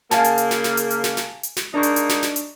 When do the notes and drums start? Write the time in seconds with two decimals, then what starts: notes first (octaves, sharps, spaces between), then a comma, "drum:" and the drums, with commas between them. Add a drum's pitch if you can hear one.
0.11 C#3 A#3 F5 G#5 A5, drum: snare
0.24 drum: hi-hat
0.38 drum: hi-hat
0.51 drum: snare
0.64 drum: snare
0.77 drum: hi-hat
0.90 drum: hi-hat
1.04 drum: snare
1.17 drum: snare
1.43 drum: hi-hat
1.57 drum: snare
1.74 G#3 A#3 D4 D#4 C#6
1.83 drum: hi-hat
1.96 drum: hi-hat
2.09 drum: snare
2.23 drum: snare
2.36 drum: hi-hat